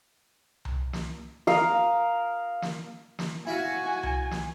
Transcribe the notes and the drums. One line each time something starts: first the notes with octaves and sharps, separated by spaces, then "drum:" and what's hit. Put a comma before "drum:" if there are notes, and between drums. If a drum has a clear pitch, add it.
drum: tom C2
drum: snare
A#4 F5 D#6, drum: snare
drum: snare
drum: snare
E4 F#4 E5 F5 G#5
drum: tom C2
drum: snare